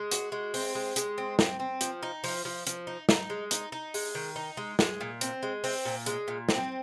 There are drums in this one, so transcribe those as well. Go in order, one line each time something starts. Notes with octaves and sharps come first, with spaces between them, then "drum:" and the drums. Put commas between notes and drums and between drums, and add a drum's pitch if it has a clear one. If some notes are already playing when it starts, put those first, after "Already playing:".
Already playing: G#3
F#4, drum: hi-hat
G#3
C4, drum: open hi-hat
G#3
G#3, drum: hi-hat
C4
C4, drum: snare
C4
F3, drum: hi-hat
D#4
F3, drum: open hi-hat
F3
F3, drum: hi-hat
D#4
D#4, drum: snare
G#3
D#4, drum: hi-hat
D#4
G#3, drum: open hi-hat
D#3
D#4
G#3
G#3, drum: snare
A#2
C4, drum: hi-hat
G#3
C4, drum: open hi-hat
A#2
G#3, drum: hi-hat
A#2
C4, drum: snare